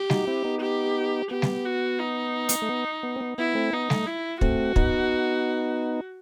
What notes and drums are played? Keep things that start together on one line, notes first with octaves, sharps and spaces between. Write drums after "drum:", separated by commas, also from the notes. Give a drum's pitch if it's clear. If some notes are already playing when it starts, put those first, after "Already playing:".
Already playing: G4
D#4 F#4, drum: snare G3
C4 E4
B3 D#4
G4
B3 G4
drum: snare G3
F#4
D#4
drum: hi-hat
A3
B3
B3
C4
B3
B3 E4
A3 C4
B3 D#4
A3, drum: snare G3
E4
A3 C4 F#4, drum: kick
B3 D#4, drum: kick